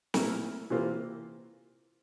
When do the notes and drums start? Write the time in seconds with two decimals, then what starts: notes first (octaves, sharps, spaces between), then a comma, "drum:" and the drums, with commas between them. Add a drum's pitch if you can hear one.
0.14 A#2 A3 E4 A#4, drum: snare
0.70 C3 E3 A#3 F4 C5